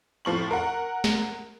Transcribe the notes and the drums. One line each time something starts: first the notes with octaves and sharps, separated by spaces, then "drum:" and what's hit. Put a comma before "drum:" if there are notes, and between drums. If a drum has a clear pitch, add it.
A2 F3 C#6 F#7
A#4 F#5
drum: snare